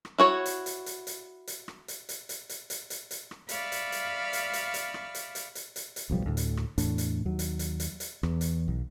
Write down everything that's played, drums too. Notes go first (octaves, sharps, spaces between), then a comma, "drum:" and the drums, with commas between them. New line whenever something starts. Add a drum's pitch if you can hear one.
drum: rim click
E4 F#4 C#5
drum: hi-hat
drum: hi-hat
drum: hi-hat
drum: hi-hat
drum: hi-hat
drum: rim click
drum: hi-hat
drum: hi-hat
drum: hi-hat
drum: hi-hat
drum: hi-hat
drum: hi-hat
drum: hi-hat
drum: rim click
D5 E5 F5 B5 C#6, drum: hi-hat
drum: hi-hat
drum: hi-hat
drum: hi-hat
drum: hi-hat
drum: hi-hat
drum: rim click
drum: hi-hat
drum: hi-hat
drum: hi-hat
drum: hi-hat
drum: hi-hat
D1 B1 F3 G3
D2 A2
drum: hi-hat
drum: rim click
E2 A2 D4, drum: hi-hat
drum: hi-hat
D#2 F#3
drum: hi-hat
drum: hi-hat
drum: hi-hat
drum: hi-hat
E2, drum: rim click
drum: hi-hat
B1